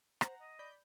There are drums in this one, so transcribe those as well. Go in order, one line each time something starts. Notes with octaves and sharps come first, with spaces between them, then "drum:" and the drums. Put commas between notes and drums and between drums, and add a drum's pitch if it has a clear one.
C5 F#5 A#5, drum: rim click
D#5
D5 B5 G6